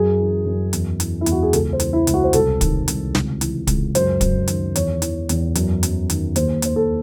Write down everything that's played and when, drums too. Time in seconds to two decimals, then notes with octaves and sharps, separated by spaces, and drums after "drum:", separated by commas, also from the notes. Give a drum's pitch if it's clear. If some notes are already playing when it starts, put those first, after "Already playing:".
Already playing: F#2 G#4
0.20 E3
0.45 F#2
0.73 E2, drum: hi-hat
1.00 E3, drum: hi-hat
1.21 E4
1.26 E2, drum: hi-hat
1.32 F#4
1.42 G#4
1.53 C#2 A4, drum: hi-hat
1.73 C5
1.80 E3, drum: hi-hat
1.93 E4
2.07 C#2, drum: hi-hat
2.14 F#4
2.24 C5
2.33 C2 A4, drum: hi-hat
2.61 D#3, drum: kick, hi-hat
2.88 C2, drum: hi-hat
3.15 C#2, drum: snare
3.41 E3, drum: hi-hat
3.67 C#2, drum: kick, hi-hat
3.95 F#2 C5, drum: hi-hat
4.21 F#2, drum: kick, hi-hat
4.48 D#3, drum: hi-hat
4.76 E2 C#5, drum: hi-hat
5.02 E3, drum: hi-hat
5.29 E2, drum: hi-hat
5.55 F#2, drum: hi-hat
5.83 F#2, drum: hi-hat
6.10 D#3, drum: hi-hat
6.36 D#2 C5, drum: hi-hat
6.62 D#2 C5, drum: hi-hat
6.76 A4